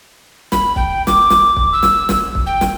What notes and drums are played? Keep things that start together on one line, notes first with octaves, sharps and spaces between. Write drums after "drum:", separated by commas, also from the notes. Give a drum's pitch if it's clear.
B5, drum: snare
G5, drum: kick
D6, drum: snare
drum: snare
drum: kick
E6
drum: snare
drum: snare
drum: kick
G5
drum: snare